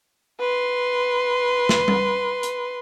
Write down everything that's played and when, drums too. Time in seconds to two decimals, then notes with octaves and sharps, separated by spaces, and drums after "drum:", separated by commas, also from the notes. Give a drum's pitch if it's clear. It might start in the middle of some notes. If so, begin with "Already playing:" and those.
0.40 B4 C6
1.69 drum: snare
1.88 drum: tom G3
2.43 drum: hi-hat